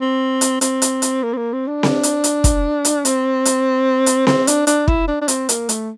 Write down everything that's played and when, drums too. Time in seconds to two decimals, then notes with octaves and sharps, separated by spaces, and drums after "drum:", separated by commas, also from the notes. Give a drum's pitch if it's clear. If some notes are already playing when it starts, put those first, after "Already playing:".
0.01 C4
0.41 drum: hi-hat
0.61 C4, drum: hi-hat
0.82 drum: hi-hat
1.02 drum: hi-hat
1.23 A#3
1.33 C4
1.37 A#3
1.53 C4
1.68 D4
1.83 drum: snare C4
2.03 drum: hi-hat
2.24 drum: hi-hat
2.44 drum: kick, hi-hat
2.85 drum: hi-hat
3.05 C4, drum: hi-hat
3.45 drum: hi-hat
4.06 drum: hi-hat
4.27 C4, drum: snare C4
4.47 D4, drum: hi-hat
4.67 D4, drum: hi-hat
4.88 E4, drum: kick
5.08 D4
5.21 D4
5.28 C4, drum: hi-hat
5.49 A#3, drum: hi-hat
5.69 A3, drum: hi-hat